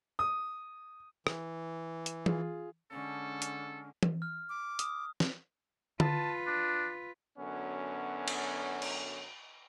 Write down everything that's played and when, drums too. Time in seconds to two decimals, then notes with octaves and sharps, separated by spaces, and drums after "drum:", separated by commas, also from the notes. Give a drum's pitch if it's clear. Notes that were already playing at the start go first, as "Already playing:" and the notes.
0.19 D#6
1.27 E3, drum: rim click
2.06 drum: hi-hat
2.26 F4 G#4, drum: tom E3
2.91 D3 G#3 C#4 A4
3.42 drum: hi-hat
4.03 drum: tom E3
4.22 F6
4.49 D6
4.79 D#6, drum: hi-hat
5.20 drum: snare
6.00 F4 B4 A5, drum: tom D3
6.47 D4
7.38 F#2 D3 F#3 B3 C#4
8.28 drum: cymbal
8.82 drum: cymbal